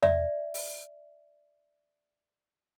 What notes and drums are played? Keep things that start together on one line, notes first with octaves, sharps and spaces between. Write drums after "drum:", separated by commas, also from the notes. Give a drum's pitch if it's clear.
D5 E5, drum: tom E2
drum: open hi-hat